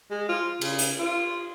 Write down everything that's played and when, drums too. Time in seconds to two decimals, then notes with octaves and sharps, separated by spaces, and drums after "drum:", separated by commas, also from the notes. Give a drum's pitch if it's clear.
0.11 G#3
0.29 F4
0.61 C#3, drum: cymbal
0.79 drum: hi-hat
0.99 F4